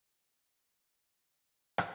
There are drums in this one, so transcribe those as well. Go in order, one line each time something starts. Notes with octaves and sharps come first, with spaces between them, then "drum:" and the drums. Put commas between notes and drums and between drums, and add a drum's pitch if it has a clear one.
F2 D#4
drum: rim click